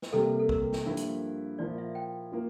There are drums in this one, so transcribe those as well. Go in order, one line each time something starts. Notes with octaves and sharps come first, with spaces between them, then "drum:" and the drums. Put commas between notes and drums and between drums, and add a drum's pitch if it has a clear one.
drum: snare
C3 G3 A#3 A4
A4
A#4, drum: kick A#1
drum: snare
G2 F3 A#3 E4
drum: hi-hat
A#2 F3 A#3 E4 D5
E5
G5
A#3 F4